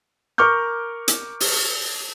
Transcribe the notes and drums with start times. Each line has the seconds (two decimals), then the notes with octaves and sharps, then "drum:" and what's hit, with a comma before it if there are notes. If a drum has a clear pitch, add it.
0.38 A#4 C#6 D6 F6 G6
1.08 drum: hi-hat
1.40 drum: open hi-hat